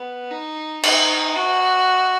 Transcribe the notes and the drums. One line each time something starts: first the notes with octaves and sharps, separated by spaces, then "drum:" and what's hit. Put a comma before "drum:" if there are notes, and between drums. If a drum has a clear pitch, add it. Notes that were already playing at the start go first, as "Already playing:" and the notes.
Already playing: B3
D#4
D#4, drum: cymbal
F#4